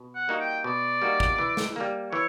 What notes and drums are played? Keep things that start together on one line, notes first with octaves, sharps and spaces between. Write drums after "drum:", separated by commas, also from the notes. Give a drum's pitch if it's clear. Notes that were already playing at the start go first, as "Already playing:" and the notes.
Already playing: B2
F#5
G3 A#3 D#4 F#4
G5
B2 D5
G3 A#3 D#4 F#4
drum: kick
E3
drum: snare
G3 A#3
E3 C#5